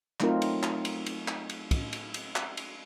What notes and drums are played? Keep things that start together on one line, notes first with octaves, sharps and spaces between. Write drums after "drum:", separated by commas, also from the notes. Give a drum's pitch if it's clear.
F#3 A3 C4 D#4 F4 A#4, drum: clap
drum: cymbal
drum: clap
drum: cymbal
drum: cymbal
drum: clap
drum: cymbal
drum: kick, cymbal
drum: cymbal
drum: cymbal
drum: clap
drum: cymbal